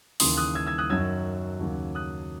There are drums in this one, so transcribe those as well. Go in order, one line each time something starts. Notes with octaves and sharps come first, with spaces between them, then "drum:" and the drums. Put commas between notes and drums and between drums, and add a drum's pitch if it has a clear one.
D#2 C#3 E3 C6 D#6, drum: open hi-hat
D#6 F#6
E6 G#6
E6 G#6
D#6 F#6
F#2 D#3 F#3 E6 G#6
D#2 C#3 F#3
D#6 F#6